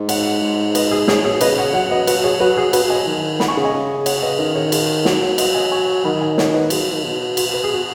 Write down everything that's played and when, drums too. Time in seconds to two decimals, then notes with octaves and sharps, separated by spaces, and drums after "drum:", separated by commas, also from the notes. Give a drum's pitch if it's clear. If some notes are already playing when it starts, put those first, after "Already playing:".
Already playing: G#2
0.09 C#5 F#5, drum: cymbal
0.41 G#2
0.75 B4 D#5, drum: cymbal
0.91 G#4
1.08 G#2 G#4 C#5, drum: snare
1.25 B2 G#4 C#5
1.41 C#3 B4 D#5, drum: cymbal
1.58 C#5 F#5
1.74 F#3 C#5 F#5
1.91 B4 D#5
2.07 F#4 B4, drum: cymbal
2.24 G#4 C#5
2.40 F#3 F#4 B4
2.57 G#4
2.73 F#4 B4, drum: cymbal
2.90 D#5 G#5
3.07 D#3
3.40 F#5 B5, drum: snare
3.48 G#5 C#6
3.57 C#3
3.64 D#5 G#5
3.74 C#3
4.06 C#5 F#5, drum: cymbal
4.22 B4 D#5
4.39 D#3 B4 D#5
4.55 G#4 C#5
4.72 G#4 C#5, drum: cymbal
5.05 F#3 C#5 F#5, drum: snare
5.22 C#5 F#5
5.38 B4 D#5, drum: cymbal
5.54 D#5 G#5
5.71 G#5 C#6
6.05 D#3 F#5 B5
6.21 D#5 G#5
6.38 C#5 F#5, drum: snare
6.54 B4 D#5
6.70 F#3 G#4, drum: cymbal
6.82 F#3
6.93 D#3
7.03 B2 F#4
7.37 F#4, drum: cymbal
7.54 B4
7.64 G#4
7.74 F#4